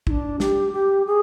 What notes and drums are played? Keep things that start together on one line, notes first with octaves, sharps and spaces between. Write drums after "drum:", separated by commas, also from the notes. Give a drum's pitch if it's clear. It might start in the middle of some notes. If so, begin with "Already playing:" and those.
E4, drum: kick
D4
G4, drum: snare
G4
G#4